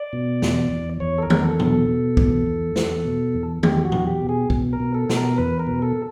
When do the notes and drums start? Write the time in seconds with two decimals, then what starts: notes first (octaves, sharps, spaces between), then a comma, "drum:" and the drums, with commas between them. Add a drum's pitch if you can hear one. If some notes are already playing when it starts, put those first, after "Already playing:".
Already playing: D5
0.13 B2
0.42 E2, drum: snare
0.72 E2
1.00 E2 C#5
1.18 A4
1.23 A#4
1.30 E2, drum: tom D#3
1.45 A4
1.59 B2, drum: tom A#2
1.66 A4
1.89 B2
2.17 E2, drum: kick
2.46 E2
2.76 E2, drum: snare
3.05 B2
3.34 E2
3.63 E2 G4, drum: tom D#3
3.85 F#4
3.92 E2, drum: tom A#2
4.07 G4
4.22 B2
4.29 G#4
4.50 B2, drum: kick
4.73 A#4
4.80 B2
4.95 A4
5.09 B2, drum: snare
5.16 A#4
5.38 E2 B4
5.59 A#4
5.67 B2
5.82 A4